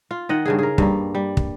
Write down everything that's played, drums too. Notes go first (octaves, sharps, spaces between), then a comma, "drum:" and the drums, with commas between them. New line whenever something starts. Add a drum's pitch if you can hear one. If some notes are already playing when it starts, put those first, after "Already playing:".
F4
D#3 D#5 F#5
G2 C#3 G#4
G#4 A#4
G2 G3 A#3, drum: kick
G3
drum: kick